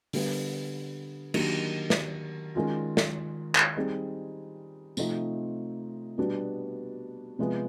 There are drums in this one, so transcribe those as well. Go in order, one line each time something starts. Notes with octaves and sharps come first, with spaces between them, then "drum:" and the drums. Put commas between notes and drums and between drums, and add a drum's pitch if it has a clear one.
D3 G3 B3, drum: open hi-hat
D#3 F#3 A#3 D4 G4, drum: cymbal
drum: snare
D#3 G#3 C#4 F4
drum: snare
drum: clap
G3 C4 D#4 G#4
C3 F3 A3 C4 D#4, drum: tambourine
B2 G3 B3 D4 F#4
C3 F3 G#3 B3